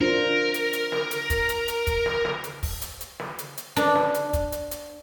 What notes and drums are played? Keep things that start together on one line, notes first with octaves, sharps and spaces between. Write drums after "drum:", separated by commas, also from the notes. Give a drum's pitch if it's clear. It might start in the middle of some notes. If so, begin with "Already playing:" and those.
D4 F4 A#4 C5
drum: hi-hat
drum: hi-hat
drum: snare
drum: hi-hat
drum: kick, hi-hat
drum: hi-hat
drum: hi-hat
drum: kick, hi-hat
drum: snare
drum: snare
drum: hi-hat
drum: kick, open hi-hat
drum: hi-hat
drum: hi-hat
drum: snare
drum: hi-hat
drum: hi-hat
D4, drum: hi-hat
drum: snare
drum: hi-hat
drum: kick, hi-hat
drum: hi-hat
drum: hi-hat